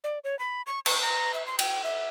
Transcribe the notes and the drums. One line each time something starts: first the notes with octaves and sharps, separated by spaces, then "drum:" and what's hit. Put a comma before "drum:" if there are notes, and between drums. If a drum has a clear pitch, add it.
D5
C#5
B5
C#6
C#6, drum: cymbal
A#5
E5
C6
G5, drum: cymbal
E5